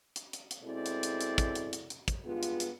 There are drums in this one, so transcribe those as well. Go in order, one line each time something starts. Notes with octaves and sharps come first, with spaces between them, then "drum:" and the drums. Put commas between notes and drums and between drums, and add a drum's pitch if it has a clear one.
drum: hi-hat
drum: hi-hat
drum: hi-hat
B2 G#3 C4 E4 A4 D5
drum: hi-hat
drum: hi-hat
drum: hi-hat
drum: kick, hi-hat
drum: hi-hat
drum: hi-hat
drum: hi-hat
drum: kick, hi-hat
G2 G#3 B3 F4
drum: hi-hat
drum: hi-hat